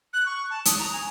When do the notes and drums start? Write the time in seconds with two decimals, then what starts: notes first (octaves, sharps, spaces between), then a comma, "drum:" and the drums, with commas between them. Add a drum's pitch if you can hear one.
0.13 F#6
0.26 C#6
0.50 A5
0.65 D#6, drum: hi-hat
0.79 A#5
0.92 G#5